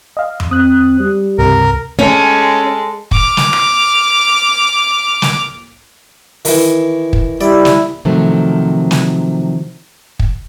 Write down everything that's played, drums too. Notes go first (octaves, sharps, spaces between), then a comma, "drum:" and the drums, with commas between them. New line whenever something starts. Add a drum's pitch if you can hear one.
D#5 F5
drum: tom F2
C4 D#6 F#6
G3
C#2 G2 C3 A#4
G#3 C#4 A4
D6 F6, drum: kick
drum: snare
drum: rim click
drum: snare
D#3 E3, drum: open hi-hat
drum: kick
G3 E4 D5
drum: snare
C3 D#3 F3 F#3 A3
drum: snare
drum: kick